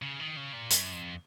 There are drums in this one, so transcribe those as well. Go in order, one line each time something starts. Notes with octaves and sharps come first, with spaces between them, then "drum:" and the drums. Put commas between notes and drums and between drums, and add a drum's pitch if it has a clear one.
C#3
D#3
C#3
A#2
F#2, drum: hi-hat
F2